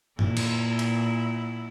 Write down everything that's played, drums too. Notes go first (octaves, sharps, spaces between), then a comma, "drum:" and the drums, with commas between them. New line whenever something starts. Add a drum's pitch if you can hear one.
A#2 E4, drum: tom F#2
drum: cymbal
drum: cymbal